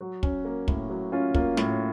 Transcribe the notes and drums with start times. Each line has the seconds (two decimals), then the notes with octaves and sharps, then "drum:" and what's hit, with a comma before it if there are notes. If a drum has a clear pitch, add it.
0.01 F#3 F#4
0.23 C#4, drum: kick
0.45 A#3
0.68 A2, drum: kick
0.90 F#3
1.12 C#4 F4
1.34 A#3 F4, drum: kick
1.57 A2 F4, drum: snare